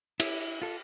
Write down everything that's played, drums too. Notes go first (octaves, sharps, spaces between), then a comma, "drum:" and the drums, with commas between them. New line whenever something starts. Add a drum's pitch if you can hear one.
E4, drum: cymbal
F4 A4